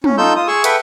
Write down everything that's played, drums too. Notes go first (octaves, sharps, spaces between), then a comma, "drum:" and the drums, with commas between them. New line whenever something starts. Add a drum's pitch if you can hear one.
C#4, drum: tom
D#4 F4 A4 E6 G6
F4 D#6
G#4 C#6 E6
A4 B4 E5 F#5 G5, drum: hi-hat